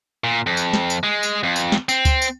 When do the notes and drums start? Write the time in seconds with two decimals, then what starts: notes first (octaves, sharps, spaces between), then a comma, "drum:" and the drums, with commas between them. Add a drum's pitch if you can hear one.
0.24 A#2
0.47 F2
0.57 drum: tambourine
0.73 drum: snare
0.90 drum: tambourine
1.03 G#3
1.23 drum: tambourine
1.43 F2
1.56 drum: tambourine
1.72 drum: snare
1.89 C4, drum: tambourine
2.05 drum: kick C#2, tambourine
2.22 drum: tambourine